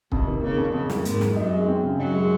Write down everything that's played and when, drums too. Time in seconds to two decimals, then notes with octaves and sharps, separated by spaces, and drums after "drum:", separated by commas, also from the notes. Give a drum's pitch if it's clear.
0.12 F2 C3, drum: kick C#1
0.27 D#3
0.43 C#3 A#3
0.58 F2
0.74 F2 C#3
0.90 D#3, drum: snare
1.05 G#2 G#3 A#3, drum: hi-hat
1.21 F2, drum: snare
1.36 F#2 F#3 D#4
1.52 G#3
1.68 C4
1.83 C#3
1.99 F#2 F#3 D#4
2.15 G#3